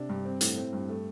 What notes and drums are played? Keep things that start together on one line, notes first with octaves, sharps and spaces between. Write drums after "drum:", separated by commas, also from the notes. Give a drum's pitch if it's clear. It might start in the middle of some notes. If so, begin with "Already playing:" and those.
Already playing: C3 D4
G2
C4
A2, drum: hi-hat
C4
G2
A3